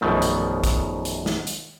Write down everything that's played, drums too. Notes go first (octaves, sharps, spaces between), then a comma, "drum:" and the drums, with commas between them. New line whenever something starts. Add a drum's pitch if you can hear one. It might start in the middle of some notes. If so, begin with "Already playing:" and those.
A#1 F#2 B2 D#3 A3
drum: hi-hat
drum: kick, hi-hat
drum: hi-hat
drum: snare
drum: hi-hat